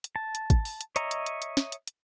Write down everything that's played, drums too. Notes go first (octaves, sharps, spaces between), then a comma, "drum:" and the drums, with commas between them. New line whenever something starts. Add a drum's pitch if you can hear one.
drum: hi-hat
A5
drum: hi-hat
drum: kick G#1, hi-hat
drum: open hi-hat
drum: hi-hat
C#5 D#5 E5 A#5, drum: hi-hat
drum: hi-hat
drum: hi-hat
drum: hi-hat
drum: snare
drum: hi-hat
drum: hi-hat